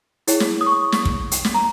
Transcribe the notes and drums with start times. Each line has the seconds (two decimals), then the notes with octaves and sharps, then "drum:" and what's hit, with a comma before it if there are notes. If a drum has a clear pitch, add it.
0.27 E4 G#4 C#5, drum: hi-hat
0.40 drum: snare
0.61 D#6
0.66 C#6
0.92 drum: snare
1.05 drum: kick
1.31 drum: hi-hat
1.45 drum: snare
1.54 A#5